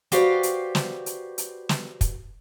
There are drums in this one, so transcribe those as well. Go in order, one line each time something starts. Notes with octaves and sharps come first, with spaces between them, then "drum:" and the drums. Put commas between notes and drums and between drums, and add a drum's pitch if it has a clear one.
F#4 G4 B4 C5 D5 F5, drum: hi-hat
drum: hi-hat
drum: snare
drum: hi-hat
drum: hi-hat
drum: snare
drum: kick, hi-hat